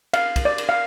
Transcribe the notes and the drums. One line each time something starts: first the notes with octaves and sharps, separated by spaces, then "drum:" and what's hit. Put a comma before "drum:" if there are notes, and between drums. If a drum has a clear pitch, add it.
F5, drum: cymbal
drum: kick, cymbal
D5
drum: cymbal
F5